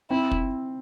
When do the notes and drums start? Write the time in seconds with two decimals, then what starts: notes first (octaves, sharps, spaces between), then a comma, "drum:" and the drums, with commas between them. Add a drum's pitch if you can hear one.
0.10 C4 E4
0.32 drum: kick